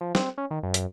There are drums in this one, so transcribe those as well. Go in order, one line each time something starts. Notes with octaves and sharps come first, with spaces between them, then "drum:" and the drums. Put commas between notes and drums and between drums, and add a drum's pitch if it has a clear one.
F3
C4, drum: snare
C#4
D#3
F#2
drum: hi-hat